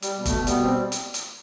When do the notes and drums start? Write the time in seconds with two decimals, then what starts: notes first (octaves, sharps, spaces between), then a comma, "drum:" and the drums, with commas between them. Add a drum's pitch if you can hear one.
0.02 G3, drum: hi-hat
0.18 B2
0.26 A3, drum: kick, hi-hat
0.33 B2
0.47 G3 B3, drum: hi-hat
0.62 B2 C4
0.92 drum: hi-hat
1.14 drum: hi-hat